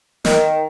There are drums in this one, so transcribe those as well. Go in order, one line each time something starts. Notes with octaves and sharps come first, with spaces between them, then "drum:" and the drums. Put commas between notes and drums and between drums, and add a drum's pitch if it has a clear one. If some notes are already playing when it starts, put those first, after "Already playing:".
D#3, drum: snare